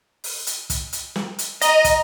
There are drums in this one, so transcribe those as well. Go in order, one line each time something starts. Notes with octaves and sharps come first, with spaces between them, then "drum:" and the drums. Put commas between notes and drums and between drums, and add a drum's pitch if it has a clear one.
drum: open hi-hat
drum: hi-hat
drum: kick, hi-hat
drum: hi-hat
drum: snare
drum: hi-hat
D#5 A#5, drum: hi-hat
drum: kick, hi-hat